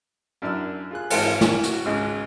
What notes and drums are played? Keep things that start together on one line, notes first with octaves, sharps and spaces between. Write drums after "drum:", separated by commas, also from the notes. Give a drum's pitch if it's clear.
F#2 D4 E4 A#4 E6
F4 G#4 F#6
G#1 E3 G#3 B4 C5 A5, drum: cymbal
drum: snare
F#4, drum: hi-hat
G#1 C#2 G#3 F#6